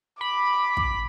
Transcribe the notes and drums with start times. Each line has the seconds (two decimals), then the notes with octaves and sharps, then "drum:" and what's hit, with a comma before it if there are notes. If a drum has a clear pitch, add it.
0.21 B5 D6
0.77 drum: kick